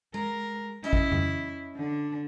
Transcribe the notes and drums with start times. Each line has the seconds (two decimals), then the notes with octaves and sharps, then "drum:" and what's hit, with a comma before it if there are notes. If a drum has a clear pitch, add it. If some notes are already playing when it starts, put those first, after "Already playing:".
0.14 G#3 A#4
0.84 C#4 E4 D#5
0.93 drum: kick
1.12 drum: tom F2
1.76 D3 D4